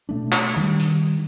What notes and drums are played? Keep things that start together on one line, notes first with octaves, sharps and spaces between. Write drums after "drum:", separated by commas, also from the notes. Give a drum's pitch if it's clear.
B2 A3 D4
drum: clap
D#3 G3
drum: hi-hat